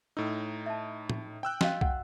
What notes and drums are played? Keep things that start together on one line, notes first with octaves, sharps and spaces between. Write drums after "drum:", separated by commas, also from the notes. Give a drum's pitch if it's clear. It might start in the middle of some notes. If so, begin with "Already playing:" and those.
A2 D#4 E6
E5 A5
drum: tom
G5 E6 F#6
F#4 D#5 F5, drum: snare
F#5, drum: kick